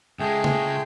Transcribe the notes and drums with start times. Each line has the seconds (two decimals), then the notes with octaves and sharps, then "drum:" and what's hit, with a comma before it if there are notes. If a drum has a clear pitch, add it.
0.19 C#2 G#3 A3 G#4 G5
0.44 drum: tom C#3